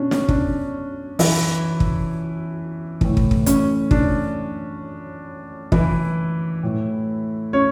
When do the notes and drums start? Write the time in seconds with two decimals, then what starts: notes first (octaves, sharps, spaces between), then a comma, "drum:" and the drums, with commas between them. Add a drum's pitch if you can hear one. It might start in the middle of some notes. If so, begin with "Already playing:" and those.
Already playing: B2 C#4 D4
0.11 C#4, drum: snare
0.29 D4, drum: kick
1.19 E3 E4, drum: open hi-hat
1.80 drum: kick
3.01 A2 E3, drum: kick
3.17 drum: kick
3.31 drum: kick
3.46 C#4, drum: hi-hat
3.91 D4, drum: kick
5.72 E3 E4, drum: kick
6.63 A2 E3
7.53 C#4 C#5